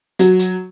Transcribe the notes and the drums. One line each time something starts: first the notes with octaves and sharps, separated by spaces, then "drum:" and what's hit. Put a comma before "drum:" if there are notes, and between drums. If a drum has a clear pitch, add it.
F#3, drum: hi-hat
drum: hi-hat